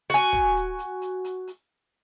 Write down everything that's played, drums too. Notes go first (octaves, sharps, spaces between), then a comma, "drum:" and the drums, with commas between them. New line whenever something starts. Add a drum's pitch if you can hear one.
F#4 G#5, drum: hi-hat
drum: kick, hi-hat
drum: hi-hat
drum: hi-hat
drum: hi-hat
drum: hi-hat
drum: hi-hat